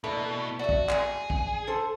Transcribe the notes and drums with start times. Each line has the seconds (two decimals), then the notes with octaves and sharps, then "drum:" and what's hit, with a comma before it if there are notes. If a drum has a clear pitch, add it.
0.04 B2 E3 A3 A#3 D4
0.59 F#4 D5 E5
0.69 drum: kick A#1
0.89 G#4, drum: clap
1.30 drum: kick A#1
1.67 A4 C5